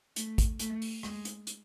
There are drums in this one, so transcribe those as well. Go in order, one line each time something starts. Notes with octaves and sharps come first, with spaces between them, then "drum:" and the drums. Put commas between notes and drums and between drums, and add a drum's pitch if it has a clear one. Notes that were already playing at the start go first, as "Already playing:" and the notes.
A3, drum: hi-hat
drum: kick, hi-hat
A3, drum: hi-hat
drum: open hi-hat
G#3, drum: rim click
drum: hi-hat
drum: hi-hat